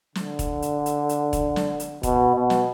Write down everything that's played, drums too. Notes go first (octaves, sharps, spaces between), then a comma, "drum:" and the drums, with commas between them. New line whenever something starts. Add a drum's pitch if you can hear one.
D3, drum: snare
drum: kick E1, hi-hat
drum: hi-hat
drum: hi-hat
drum: hi-hat
drum: kick E1, hi-hat
drum: snare
drum: hi-hat
B2, drum: kick E1, hi-hat
B2
drum: snare